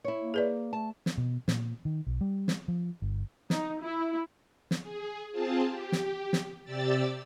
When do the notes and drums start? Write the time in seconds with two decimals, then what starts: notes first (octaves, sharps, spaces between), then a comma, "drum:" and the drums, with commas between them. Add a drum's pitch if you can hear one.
0.04 E4 C#5
0.20 A#3
0.34 G#4 B4 D5
0.73 A3 A5
1.06 drum: snare
1.18 B2
1.48 A#2, drum: snare
1.85 D#3
2.07 B1
2.21 G3
2.48 drum: snare
2.68 F3
3.02 G1
3.50 D#4, drum: snare
3.82 E4
4.71 drum: snare
4.82 G#4
5.32 C4 F4 G#4 A5
5.68 G4
5.92 drum: snare
6.33 drum: snare
6.64 C3 G4 D5 E6 A6